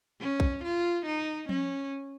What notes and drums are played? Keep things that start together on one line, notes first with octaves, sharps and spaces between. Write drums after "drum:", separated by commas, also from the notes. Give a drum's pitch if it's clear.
C#4
drum: kick B1
F4
D#4
C#4, drum: tom F3